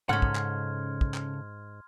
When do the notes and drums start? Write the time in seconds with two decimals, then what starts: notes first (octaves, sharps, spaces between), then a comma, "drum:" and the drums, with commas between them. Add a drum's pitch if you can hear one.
0.09 G#2 C#3 C#4 A4 F#5 C6 F6 G#6
0.22 drum: kick
0.35 drum: clap
1.01 drum: kick
1.14 drum: clap